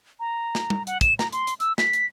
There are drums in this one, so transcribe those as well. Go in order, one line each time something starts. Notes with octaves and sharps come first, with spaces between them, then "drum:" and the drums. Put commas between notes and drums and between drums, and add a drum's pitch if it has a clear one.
A#5
drum: snare
drum: tom
F#5, drum: hi-hat
E7, drum: kick, hi-hat
A#5, drum: snare
C6, drum: hi-hat
drum: hi-hat
E6, drum: hi-hat
B6, drum: snare
drum: hi-hat